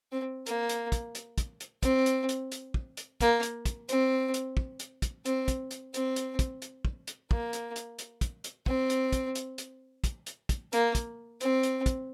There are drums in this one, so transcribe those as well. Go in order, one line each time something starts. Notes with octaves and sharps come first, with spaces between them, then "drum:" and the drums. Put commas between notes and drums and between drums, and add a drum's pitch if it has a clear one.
C4
A#3, drum: hi-hat
drum: hi-hat
drum: kick, hi-hat
drum: hi-hat
drum: kick, hi-hat
drum: hi-hat
C4, drum: kick, hi-hat
drum: hi-hat
drum: hi-hat
drum: hi-hat
drum: kick
drum: hi-hat
A#3, drum: kick, hi-hat
drum: hi-hat
drum: kick, hi-hat
C4, drum: hi-hat
drum: hi-hat
drum: kick
drum: hi-hat
drum: kick, hi-hat
C4, drum: hi-hat
drum: kick, hi-hat
drum: hi-hat
C4, drum: hi-hat
drum: hi-hat
drum: kick, hi-hat
drum: hi-hat
drum: kick
drum: hi-hat
A#3, drum: kick
drum: hi-hat
drum: hi-hat
drum: hi-hat
drum: kick, hi-hat
drum: hi-hat
C4, drum: kick
drum: hi-hat
drum: kick, hi-hat
drum: hi-hat
drum: hi-hat
drum: kick, hi-hat
drum: hi-hat
drum: kick, hi-hat
A#3, drum: hi-hat
drum: kick, hi-hat
C4, drum: hi-hat
drum: hi-hat
drum: kick, hi-hat